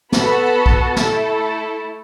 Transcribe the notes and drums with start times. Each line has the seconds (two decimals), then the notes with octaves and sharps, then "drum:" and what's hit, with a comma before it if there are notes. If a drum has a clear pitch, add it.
0.12 B3 F#4 A4 B5, drum: snare
0.66 drum: kick
0.96 A3 E4 A4, drum: snare